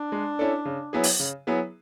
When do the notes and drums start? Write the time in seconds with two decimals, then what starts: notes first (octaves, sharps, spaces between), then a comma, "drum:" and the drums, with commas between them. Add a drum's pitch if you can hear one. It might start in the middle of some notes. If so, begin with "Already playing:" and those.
Already playing: D4
0.12 G#3
0.39 C#4 E4 A4 D5
0.65 C#3
0.93 F#3 B3 E4 G#4
1.04 drum: open hi-hat
1.20 C#3
1.47 F#3 B3 E4 G#4